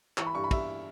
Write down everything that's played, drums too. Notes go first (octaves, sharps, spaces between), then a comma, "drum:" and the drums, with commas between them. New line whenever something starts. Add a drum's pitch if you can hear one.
E3 C#6, drum: clap
B5
G2 C#6
B5
G2 E5, drum: kick, cymbal